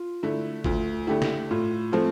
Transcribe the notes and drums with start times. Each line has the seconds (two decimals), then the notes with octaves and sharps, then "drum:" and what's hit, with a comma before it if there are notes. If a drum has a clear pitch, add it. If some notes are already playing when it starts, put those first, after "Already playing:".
Already playing: F4
0.23 D3 A3 E4
0.64 D2 F4, drum: kick
1.07 D3 A3 E4 G4
1.22 drum: snare
1.51 A2 F4
1.92 F3 A3 C4 F4